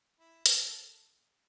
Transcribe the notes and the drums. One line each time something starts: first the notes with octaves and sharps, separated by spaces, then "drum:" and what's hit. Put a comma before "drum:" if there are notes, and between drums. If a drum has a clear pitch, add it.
E4
A4, drum: hi-hat